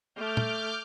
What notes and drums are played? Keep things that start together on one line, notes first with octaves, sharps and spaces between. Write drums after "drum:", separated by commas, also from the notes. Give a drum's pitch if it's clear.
A3 D6 F6 G6
drum: tom